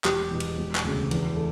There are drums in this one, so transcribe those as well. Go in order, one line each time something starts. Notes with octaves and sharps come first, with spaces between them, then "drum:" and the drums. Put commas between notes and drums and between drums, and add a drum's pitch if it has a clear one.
E1 G4, drum: clap
E2 B2
drum: cymbal
E1
drum: clap
D2 C#3
E2, drum: cymbal
A3